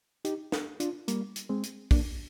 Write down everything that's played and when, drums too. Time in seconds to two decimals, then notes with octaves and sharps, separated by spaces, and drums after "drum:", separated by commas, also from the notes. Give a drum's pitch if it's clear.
0.25 D#4 G4, drum: hi-hat
0.52 drum: snare
0.80 D4 F4, drum: hi-hat
1.08 G3 A#3, drum: hi-hat
1.36 drum: hi-hat
1.49 G#3 C4
1.63 drum: hi-hat
1.91 A#3 D4, drum: kick, open hi-hat